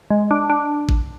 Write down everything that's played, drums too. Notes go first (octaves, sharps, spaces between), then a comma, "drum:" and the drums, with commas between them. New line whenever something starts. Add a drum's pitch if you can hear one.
G#3
D4
D4
drum: kick